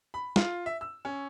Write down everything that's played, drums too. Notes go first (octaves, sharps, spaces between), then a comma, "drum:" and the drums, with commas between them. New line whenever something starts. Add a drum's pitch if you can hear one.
B5
F4, drum: snare
E5
E6
C#4